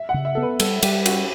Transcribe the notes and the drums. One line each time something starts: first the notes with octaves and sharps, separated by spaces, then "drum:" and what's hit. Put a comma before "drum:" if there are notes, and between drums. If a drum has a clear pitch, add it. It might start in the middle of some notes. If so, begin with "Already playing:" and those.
Already playing: E5
F#5
C#3
E5
B3 A4
B4
G3 A4, drum: cymbal
G3 G4, drum: cymbal
C#4 F#4, drum: cymbal